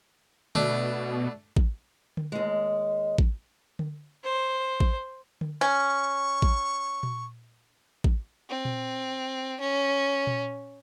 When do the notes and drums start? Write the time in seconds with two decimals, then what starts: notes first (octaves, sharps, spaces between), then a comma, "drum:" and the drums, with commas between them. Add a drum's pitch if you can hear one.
0.55 B2 A3 D4, drum: tom D3
1.56 drum: kick A1
2.17 drum: tom D3
2.32 D#2 G#3
3.18 drum: kick A1
3.79 drum: tom D3
4.24 C5
4.80 drum: kick A1
5.41 drum: tom D3
5.61 C#4 C#6
6.42 drum: kick A1
7.03 drum: tom A#2
8.04 drum: kick A1
8.49 C4
8.65 drum: tom A#2
9.60 C#4
10.27 drum: tom A#2